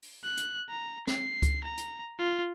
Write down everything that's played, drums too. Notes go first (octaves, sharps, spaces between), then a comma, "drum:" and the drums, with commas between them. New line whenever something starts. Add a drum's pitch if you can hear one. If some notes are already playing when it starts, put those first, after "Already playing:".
drum: open hi-hat
F#6
drum: hi-hat
A#5
C7, drum: snare
drum: kick C#2, hi-hat
A#5
drum: hi-hat
F4